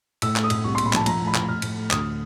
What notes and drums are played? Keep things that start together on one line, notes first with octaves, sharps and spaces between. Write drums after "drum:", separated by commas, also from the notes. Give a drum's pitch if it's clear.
A2 E6, drum: cymbal
A3, drum: clap
D#6
A2, drum: cymbal
C2 C#6
C6
A#2, drum: cymbal
B5
F3 A5, drum: clap
F3 A#5, drum: cymbal
A2
B5
A2, drum: clap
A2 F6
A2, drum: cymbal
A3
D2 D#6, drum: clap